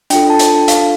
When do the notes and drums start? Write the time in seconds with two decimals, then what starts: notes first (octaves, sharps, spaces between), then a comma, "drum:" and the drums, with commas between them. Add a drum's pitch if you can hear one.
0.10 D4 F4 A4 G5, drum: hi-hat
0.30 A5
0.39 drum: hi-hat
0.49 A5
0.68 F5, drum: hi-hat